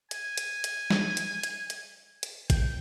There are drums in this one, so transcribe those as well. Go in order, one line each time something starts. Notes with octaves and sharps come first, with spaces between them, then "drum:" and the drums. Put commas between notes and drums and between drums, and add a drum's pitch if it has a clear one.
G#5, drum: hi-hat
drum: hi-hat
drum: hi-hat
drum: snare
drum: hi-hat
drum: hi-hat
drum: hi-hat
drum: hi-hat
G5, drum: kick, hi-hat